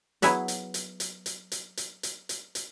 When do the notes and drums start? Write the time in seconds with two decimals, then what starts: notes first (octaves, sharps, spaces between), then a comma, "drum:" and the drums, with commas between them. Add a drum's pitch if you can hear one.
0.22 F#3 B3 E4 G#4 E5 F#5, drum: hi-hat
0.48 drum: hi-hat
0.74 drum: hi-hat
1.00 drum: hi-hat
1.26 drum: hi-hat
1.52 drum: hi-hat
1.77 drum: hi-hat
2.03 drum: hi-hat
2.29 drum: hi-hat
2.55 drum: hi-hat